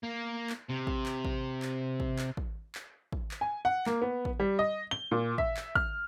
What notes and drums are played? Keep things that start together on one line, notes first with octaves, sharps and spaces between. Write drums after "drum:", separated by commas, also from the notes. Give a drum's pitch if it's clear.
A#3
drum: clap
C3
drum: kick
drum: clap
drum: kick
drum: clap
drum: kick
drum: clap
drum: kick
drum: clap
drum: kick
drum: clap
G#5
F#5
A#3, drum: clap
B3
drum: kick
G3
D#5
G7
A#2
E5, drum: kick
drum: clap
F6, drum: kick